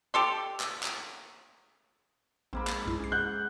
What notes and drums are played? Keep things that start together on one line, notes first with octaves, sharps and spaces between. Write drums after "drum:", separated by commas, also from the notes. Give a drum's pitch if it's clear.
G4 A4 C6
drum: clap
drum: clap
A#1 G#2 A#3 C4 B5
drum: clap
B1 G2 E4
C#4 C7
F#5 F#6 G6